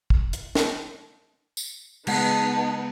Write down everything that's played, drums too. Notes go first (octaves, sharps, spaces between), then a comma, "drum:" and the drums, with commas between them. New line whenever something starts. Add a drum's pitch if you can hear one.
drum: kick
drum: hi-hat
drum: snare
drum: tambourine
C#3 G#3 B3 D#4 F#5 A5, drum: cymbal